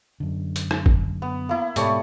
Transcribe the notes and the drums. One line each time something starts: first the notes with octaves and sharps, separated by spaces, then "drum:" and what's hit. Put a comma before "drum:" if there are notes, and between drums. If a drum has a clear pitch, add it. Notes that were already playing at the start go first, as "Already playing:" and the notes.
F#2 D3
drum: hi-hat
drum: rim click
drum: kick
B3
A#3 E4
G#2 B2 G3 A3 C#5, drum: hi-hat